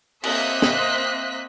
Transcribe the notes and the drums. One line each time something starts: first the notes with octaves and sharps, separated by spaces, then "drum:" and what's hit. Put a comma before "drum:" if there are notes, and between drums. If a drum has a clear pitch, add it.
A#3 C4 D#5 E5 F#6 B6, drum: cymbal
drum: snare